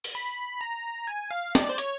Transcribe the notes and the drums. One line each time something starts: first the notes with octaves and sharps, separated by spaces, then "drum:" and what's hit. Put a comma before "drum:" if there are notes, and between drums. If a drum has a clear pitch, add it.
drum: open hi-hat
B5
A#5
G#5
F5
D5, drum: snare
C5
C#5, drum: hi-hat